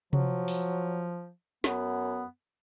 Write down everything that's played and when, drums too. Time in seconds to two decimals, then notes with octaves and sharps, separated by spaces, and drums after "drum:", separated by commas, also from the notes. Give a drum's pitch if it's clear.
0.13 F3 F#3, drum: tom C3
0.48 drum: open hi-hat
1.64 F#2 B3, drum: snare